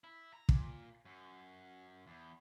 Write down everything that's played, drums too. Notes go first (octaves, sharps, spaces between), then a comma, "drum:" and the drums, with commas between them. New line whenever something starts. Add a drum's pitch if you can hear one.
E4
A#5
A#2, drum: kick
F#2
E2